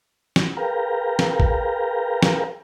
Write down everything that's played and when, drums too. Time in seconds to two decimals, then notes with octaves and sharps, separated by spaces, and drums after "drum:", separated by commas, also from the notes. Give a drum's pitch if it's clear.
0.36 drum: snare
0.57 G#4 A#4 B4 F5 G5 A#5
1.19 drum: snare
1.40 drum: kick A1
2.23 drum: snare